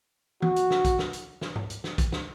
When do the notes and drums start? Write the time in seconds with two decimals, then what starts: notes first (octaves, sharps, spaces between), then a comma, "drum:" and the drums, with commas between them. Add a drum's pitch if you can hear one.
0.42 F#4, drum: tom
0.56 drum: hi-hat
0.70 drum: snare
0.85 drum: kick, hi-hat
0.99 drum: snare
1.13 drum: hi-hat
1.41 drum: snare
1.56 drum: tom G#2
1.70 drum: hi-hat
1.84 drum: snare
1.98 drum: kick, hi-hat
2.12 drum: snare